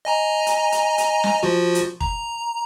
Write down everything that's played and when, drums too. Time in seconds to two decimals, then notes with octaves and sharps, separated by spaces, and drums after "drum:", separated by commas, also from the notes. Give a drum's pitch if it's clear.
0.05 D#5 G#5 A#5
0.47 drum: hi-hat
0.72 drum: hi-hat
0.98 drum: hi-hat
1.24 drum: snare
1.43 F3 F4 F#4
1.75 drum: hi-hat
2.01 A#5, drum: kick